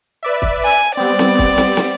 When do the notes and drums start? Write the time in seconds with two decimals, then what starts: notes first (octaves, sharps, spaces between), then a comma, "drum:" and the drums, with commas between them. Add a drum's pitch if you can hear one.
0.23 B4 D5 E5
0.42 drum: kick
0.65 G#5
0.97 G3 B3 C4 D5
1.19 drum: snare
1.38 drum: kick
1.58 drum: snare
1.77 drum: snare